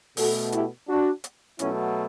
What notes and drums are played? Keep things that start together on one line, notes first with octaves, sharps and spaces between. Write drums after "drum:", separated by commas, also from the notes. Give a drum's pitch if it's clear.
B2 A3 F#4 A4, drum: open hi-hat
E4 G4, drum: hi-hat
D4 F#4
drum: hi-hat
B2 F#3 A3 C#4 E4, drum: hi-hat